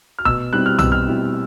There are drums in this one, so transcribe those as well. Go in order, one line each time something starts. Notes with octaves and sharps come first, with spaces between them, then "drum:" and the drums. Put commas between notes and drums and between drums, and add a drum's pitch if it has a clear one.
F6
B2 E6, drum: kick C#1
G3 C4 E4 F#6
F6
B2 E6, drum: tom B1
F6
G3 C4 E4